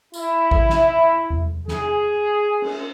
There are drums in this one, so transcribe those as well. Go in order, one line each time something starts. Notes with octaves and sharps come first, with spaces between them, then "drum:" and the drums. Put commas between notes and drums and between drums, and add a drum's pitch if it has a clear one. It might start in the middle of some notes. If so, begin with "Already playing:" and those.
E4, drum: tambourine
drum: kick A1
drum: snare
drum: tom E2
G#4, drum: snare
drum: cymbal